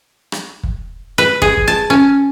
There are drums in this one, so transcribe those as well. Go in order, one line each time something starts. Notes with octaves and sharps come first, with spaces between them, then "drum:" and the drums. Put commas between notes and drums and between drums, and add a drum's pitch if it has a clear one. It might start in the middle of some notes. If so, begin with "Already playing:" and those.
drum: rim click
drum: kick
B4
G#4, drum: kick
drum: kick
A5
C#4